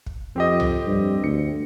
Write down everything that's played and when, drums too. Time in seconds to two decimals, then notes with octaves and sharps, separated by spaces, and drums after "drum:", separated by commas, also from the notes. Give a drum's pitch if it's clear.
0.06 drum: kick
0.36 F2 C4 G4 D#5
0.60 drum: tom C2
0.86 G2
1.24 D2 C#7